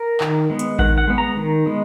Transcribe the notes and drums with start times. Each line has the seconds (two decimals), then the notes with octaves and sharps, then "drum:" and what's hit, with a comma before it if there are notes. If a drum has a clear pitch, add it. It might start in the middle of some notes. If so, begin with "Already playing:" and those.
Already playing: A#4
0.21 D#3, drum: clap
0.50 G#3 B3
0.59 drum: hi-hat
0.79 D#3 F#5, drum: kick A1
0.98 F#5
1.07 G#3 B3
1.18 A#5
1.37 D#3
1.66 G#3 B3